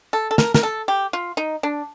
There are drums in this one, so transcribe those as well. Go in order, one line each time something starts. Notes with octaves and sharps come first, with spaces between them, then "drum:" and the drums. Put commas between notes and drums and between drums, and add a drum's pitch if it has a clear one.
A4
A4
A#4, drum: snare
A#4, drum: snare
A4
G4
F4
D#4
D4